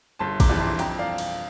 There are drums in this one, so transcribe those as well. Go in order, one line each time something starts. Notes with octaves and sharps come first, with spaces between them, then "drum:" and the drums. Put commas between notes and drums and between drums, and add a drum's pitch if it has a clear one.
G1 A5 C6
A#5 D6, drum: kick, cymbal
F2 E3 G3 D4
A5 C6
F2 G5 A#5, drum: cymbal
D5 F5
drum: cymbal